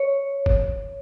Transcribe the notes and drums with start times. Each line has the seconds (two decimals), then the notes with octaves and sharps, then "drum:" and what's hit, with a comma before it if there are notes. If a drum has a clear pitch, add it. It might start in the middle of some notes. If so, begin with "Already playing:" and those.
Already playing: C#5
0.46 drum: kick